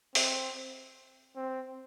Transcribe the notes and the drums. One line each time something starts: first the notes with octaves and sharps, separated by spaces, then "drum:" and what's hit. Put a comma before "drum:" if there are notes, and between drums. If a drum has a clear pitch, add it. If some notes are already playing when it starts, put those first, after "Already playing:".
C4, drum: open hi-hat
C4